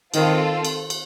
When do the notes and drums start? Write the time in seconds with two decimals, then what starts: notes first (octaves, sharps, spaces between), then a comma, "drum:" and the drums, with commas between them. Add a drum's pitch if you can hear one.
0.14 D#3 C4 F4 A4, drum: cymbal
0.65 drum: cymbal
0.90 drum: cymbal